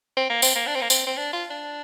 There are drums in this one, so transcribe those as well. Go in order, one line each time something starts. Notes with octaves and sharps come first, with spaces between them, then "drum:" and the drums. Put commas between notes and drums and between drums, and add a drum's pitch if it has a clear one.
C4
A#3
C4, drum: tambourine
A#3
D4
C4
A#3
C4, drum: tambourine
C4
D4
F4
D4